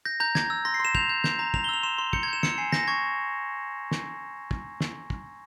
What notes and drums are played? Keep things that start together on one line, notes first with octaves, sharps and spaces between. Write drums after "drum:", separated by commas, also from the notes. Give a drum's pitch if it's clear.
G6 A#6
A#5 G6
A#5 G#6, drum: snare
E6
C6 A#6
C7
C6
E7
G6 F7, drum: kick
G6
G6, drum: snare
A#5
A#5 F7, drum: kick
G7
E6 F7
C6 E7
C6
G6 C#7, drum: kick
G#6
G6 E7
E6 C#7, drum: snare
G#5 C7
G6 A#6, drum: snare
C#6 G#6
drum: snare
drum: kick
drum: snare
drum: kick